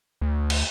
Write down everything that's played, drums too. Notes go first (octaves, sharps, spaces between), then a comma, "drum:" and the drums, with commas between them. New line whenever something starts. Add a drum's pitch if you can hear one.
D2
drum: cymbal